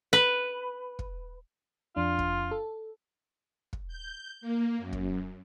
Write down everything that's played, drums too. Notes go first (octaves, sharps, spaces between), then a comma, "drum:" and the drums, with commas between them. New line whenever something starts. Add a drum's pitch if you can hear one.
B4
drum: kick
F2 D4 F4
drum: kick
A4
drum: kick
G6
A#3
F#2
drum: kick